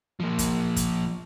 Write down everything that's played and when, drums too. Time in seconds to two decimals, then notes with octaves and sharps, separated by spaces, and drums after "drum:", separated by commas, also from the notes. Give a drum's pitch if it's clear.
0.20 F3 A#3
0.39 drum: kick, hi-hat
0.76 drum: kick, hi-hat